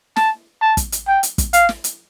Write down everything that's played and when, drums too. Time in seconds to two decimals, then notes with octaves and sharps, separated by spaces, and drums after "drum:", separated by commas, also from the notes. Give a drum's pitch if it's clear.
0.16 A5, drum: snare
0.62 A5
0.77 drum: kick, hi-hat
0.92 drum: hi-hat
1.08 G5
1.23 drum: hi-hat
1.38 drum: kick, hi-hat
1.53 F5, drum: hi-hat
1.69 drum: snare
1.84 drum: hi-hat